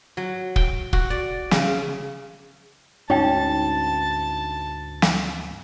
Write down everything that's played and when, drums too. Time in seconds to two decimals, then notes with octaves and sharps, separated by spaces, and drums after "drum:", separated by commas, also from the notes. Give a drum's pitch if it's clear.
0.17 F#3
0.56 G5, drum: kick
0.93 F#4, drum: kick
1.10 D5
1.51 C#3, drum: snare
3.10 D2 G#2 C#4 D#4 G5 A5
5.02 drum: snare